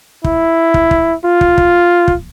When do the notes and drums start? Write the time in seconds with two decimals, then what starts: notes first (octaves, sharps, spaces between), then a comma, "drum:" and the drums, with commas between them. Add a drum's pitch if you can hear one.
0.24 E4, drum: kick
0.74 drum: kick
0.91 drum: kick
1.25 F4
1.41 drum: kick
1.58 drum: kick
2.08 drum: kick